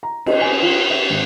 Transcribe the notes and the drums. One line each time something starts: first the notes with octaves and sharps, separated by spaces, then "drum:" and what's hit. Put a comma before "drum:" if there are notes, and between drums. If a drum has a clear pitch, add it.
A#5
D#5, drum: cymbal
G#5
F4
E5
G#1